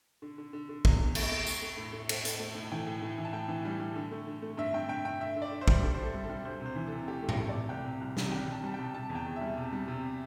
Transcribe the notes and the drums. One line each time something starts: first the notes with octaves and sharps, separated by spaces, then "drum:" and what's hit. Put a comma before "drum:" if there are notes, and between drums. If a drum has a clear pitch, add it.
D3
D3
D3
D3
E2, drum: kick
D3
A3, drum: cymbal
A3
A3, drum: tambourine
A3
A2
A3
A3 A4, drum: cymbal
A3, drum: hi-hat
A3
A2
E3 G5
A2
A2
E3
A5
A2 G5
E3
G3
G3
D3
A3
D3
A3
G2 E5
G2 G5
G2 G5
G2 G5
G2 E5
D3
D5
D3
C5
G3, drum: kick
G2 A4
D3 C5
A4
G3
A4
G3
D2 C5
C3
C5
E3
C3 A4
A3 G4
A3
A4, drum: tom A2
A3
D5
C3
C2 G5
C3
C2
C3, drum: snare
G3 G5
C3 A5
G3 A5
C3 G5
C3 A5
E2
G5
E2
E5
G3
C3
G3
C3